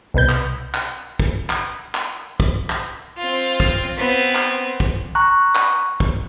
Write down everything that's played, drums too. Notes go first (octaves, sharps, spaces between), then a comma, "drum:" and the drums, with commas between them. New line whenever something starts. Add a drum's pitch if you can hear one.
C2 B2 B4 G6
drum: clap
drum: clap
drum: kick
drum: clap
drum: clap
drum: kick
drum: clap
C4 F4
drum: kick
B3 C4
drum: clap
drum: kick
A#5 C#6 F#6
drum: clap
drum: kick